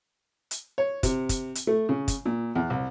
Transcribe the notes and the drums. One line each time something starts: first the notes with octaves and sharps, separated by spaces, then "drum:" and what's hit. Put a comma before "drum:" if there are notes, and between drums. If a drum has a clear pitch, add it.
drum: hi-hat
C#5
C3, drum: kick, hi-hat
drum: kick, hi-hat
drum: hi-hat
A3
C#3
drum: kick, hi-hat
A#2
E2
C2